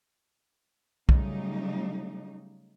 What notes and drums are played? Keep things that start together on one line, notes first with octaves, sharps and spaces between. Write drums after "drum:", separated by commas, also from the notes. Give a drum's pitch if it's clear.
C#3 F#3 G3 A3 D#4, drum: kick